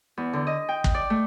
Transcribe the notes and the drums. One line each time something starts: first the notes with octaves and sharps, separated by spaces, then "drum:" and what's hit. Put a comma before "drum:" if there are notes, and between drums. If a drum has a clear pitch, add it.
E2
D3
D#5
G5
drum: kick
D5
A3